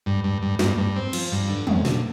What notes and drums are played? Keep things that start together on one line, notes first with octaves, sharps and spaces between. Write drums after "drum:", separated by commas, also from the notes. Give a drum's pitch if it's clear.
G2
G2
G2
G2, drum: snare
G2
C4
F3, drum: cymbal
G2
D3
F2, drum: tom
D3, drum: snare